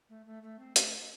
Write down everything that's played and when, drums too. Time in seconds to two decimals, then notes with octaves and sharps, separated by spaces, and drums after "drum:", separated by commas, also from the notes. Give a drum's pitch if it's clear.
0.09 A3
0.26 A3
0.43 A3
0.59 C4
0.76 A3, drum: hi-hat